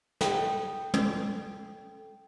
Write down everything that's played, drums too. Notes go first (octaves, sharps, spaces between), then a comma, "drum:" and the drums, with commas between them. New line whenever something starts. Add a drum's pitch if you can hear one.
A4 G5, drum: snare
drum: tom